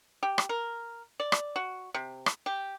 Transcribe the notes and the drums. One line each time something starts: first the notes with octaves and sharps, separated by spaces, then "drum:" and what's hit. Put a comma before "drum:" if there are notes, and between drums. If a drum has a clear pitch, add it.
G4
drum: rim click
A#4
D5
drum: rim click
F#4
C3
drum: rim click
G4